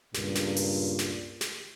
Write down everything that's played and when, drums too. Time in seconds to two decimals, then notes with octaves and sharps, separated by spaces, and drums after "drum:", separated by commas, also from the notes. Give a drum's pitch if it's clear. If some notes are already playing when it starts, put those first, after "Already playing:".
0.14 C#2 G2 A#2, drum: snare
0.35 drum: snare
0.56 drum: open hi-hat
0.99 drum: snare
1.41 drum: snare